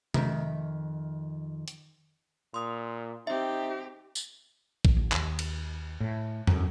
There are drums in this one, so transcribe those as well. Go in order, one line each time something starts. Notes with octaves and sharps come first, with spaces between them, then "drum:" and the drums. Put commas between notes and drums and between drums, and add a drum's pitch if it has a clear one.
F2 D#3 E5, drum: tom C3
drum: hi-hat
A#2 C6 D#6
C4 D#4 G4 E5
drum: tambourine
drum: kick
A1
D#2, drum: clap
drum: cymbal
A2
F#2, drum: tom E2